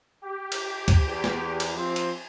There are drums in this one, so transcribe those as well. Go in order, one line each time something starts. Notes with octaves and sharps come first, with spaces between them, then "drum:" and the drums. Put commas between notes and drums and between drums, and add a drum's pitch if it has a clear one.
G4
drum: cymbal
drum: kick D2, cymbal
E2
drum: snare
drum: cymbal
F3 C4
drum: cymbal